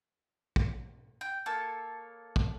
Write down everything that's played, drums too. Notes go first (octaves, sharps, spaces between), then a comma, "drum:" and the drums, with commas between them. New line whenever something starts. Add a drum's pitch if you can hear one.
drum: kick
G5
A#3 A4 C#5 A5
drum: kick